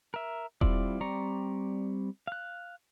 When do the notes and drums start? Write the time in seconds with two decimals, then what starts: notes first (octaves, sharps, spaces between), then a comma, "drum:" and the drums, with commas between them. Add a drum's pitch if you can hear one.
0.14 A#4 E5
0.61 G3 C4 E4 F4 D5, drum: kick E1
1.01 G3 C4 D5 A#5 C#6
2.27 F5 F#6